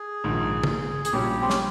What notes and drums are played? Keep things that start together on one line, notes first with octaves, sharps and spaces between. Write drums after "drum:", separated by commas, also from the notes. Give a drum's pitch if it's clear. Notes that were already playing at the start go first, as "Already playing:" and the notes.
Already playing: G#4
A#1 G#2 D#3
drum: tom
G#4, drum: hi-hat
A#1 A#2 G3 C#4 G4
C4
C#4, drum: snare